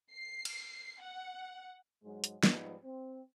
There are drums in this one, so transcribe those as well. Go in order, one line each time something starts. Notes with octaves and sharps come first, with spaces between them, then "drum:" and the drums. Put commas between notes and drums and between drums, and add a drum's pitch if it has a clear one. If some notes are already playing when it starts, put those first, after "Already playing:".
C7
drum: cymbal
F#5
G#2 F#3 G#3
drum: hi-hat
G#2 F3 G3 B3 D#4, drum: snare
C4